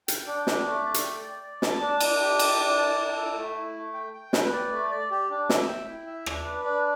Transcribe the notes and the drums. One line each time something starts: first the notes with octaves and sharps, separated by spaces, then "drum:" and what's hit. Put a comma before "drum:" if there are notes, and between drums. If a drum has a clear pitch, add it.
G5, drum: hi-hat
D4
D4, drum: snare
A3
D5
drum: hi-hat
G5
D5
D5
A5, drum: snare
D4
D4, drum: cymbal
G4
A5, drum: cymbal
D4
D5
D4
A4
A3
E4
A3
G5
G5
B4, drum: snare
D5
A3
D5
G4
D4
E5, drum: snare
G5
E4
E5
D4, drum: rim click
B4
D4